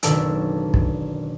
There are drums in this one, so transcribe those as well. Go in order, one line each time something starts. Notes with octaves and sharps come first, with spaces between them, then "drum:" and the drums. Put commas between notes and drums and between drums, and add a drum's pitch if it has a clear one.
F#1 B2 D3 D#3 D4 E6, drum: hi-hat
drum: kick